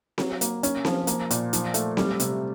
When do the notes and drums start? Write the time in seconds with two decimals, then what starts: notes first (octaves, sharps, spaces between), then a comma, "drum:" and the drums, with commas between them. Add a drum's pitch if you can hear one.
0.18 F#3, drum: snare C4
0.41 A#3, drum: hi-hat
0.63 C#4, drum: hi-hat
0.85 F3, drum: snare C4
1.07 A#3, drum: hi-hat
1.31 A#2, drum: hi-hat
1.53 F3, drum: hi-hat
1.74 A3, drum: hi-hat
1.97 G3, drum: snare C4
2.20 C3, drum: hi-hat